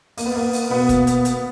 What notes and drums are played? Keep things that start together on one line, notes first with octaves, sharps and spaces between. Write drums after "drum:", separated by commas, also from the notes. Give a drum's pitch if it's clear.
A#3, drum: open hi-hat
B3
A#3
drum: open hi-hat
B2 B3
drum: kick, hi-hat
drum: hi-hat
drum: hi-hat